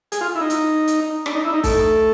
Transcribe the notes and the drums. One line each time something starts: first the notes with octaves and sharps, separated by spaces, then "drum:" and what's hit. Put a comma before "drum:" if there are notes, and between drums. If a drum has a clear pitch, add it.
G#4, drum: hi-hat
F4
E4
D#4
drum: hi-hat
drum: hi-hat
D4, drum: rim click
D#4
E4
D#4
A3, drum: kick, open hi-hat